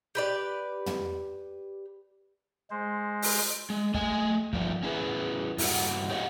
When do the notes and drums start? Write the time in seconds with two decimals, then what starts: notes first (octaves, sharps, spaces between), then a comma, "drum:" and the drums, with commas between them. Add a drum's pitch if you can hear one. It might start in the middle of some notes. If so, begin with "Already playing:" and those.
0.15 G4 B4 D5
0.86 drum: tom
2.71 G#3 C5
3.22 drum: open hi-hat
3.70 G#3
3.94 A3 D#5 G#5, drum: kick
4.53 G2 F3 D5, drum: kick
4.83 C#4 E4 G#4 B4
5.58 G2 E4 F#4 F#5, drum: open hi-hat
6.10 G4 C#5 D#5 F5 F#5